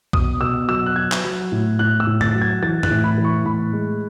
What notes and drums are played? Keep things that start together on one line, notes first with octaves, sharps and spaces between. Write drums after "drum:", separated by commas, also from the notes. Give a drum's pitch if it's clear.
B2 D#6, drum: kick C2
B2 E6
F#3 E6
F#6
F#3 G#6
drum: clap
F#3
A2
A2 F#6
E6
A2
A6, drum: tom F#2
F#3
G#6
E3 A6
F#6, drum: tom F#2
A2
B5
E3
C#6
A2 B5
G#3